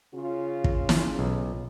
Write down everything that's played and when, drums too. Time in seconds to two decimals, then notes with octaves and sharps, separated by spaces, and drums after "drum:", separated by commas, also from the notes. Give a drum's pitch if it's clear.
0.15 C#3 F4
0.64 drum: kick
0.89 drum: snare
1.19 B1